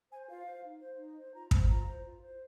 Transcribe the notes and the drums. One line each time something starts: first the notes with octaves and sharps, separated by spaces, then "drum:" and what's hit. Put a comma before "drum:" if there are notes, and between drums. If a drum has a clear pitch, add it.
C5 G#5
F4 F5
C5
D#4
C5
D#4
C5
F4 A#5
C5, drum: kick
F4 A#5
C5
F4
C5